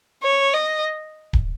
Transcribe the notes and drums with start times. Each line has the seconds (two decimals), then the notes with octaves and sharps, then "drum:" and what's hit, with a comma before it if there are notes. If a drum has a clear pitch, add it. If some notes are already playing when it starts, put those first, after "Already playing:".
0.23 C#5
0.54 D#5
1.33 drum: kick D1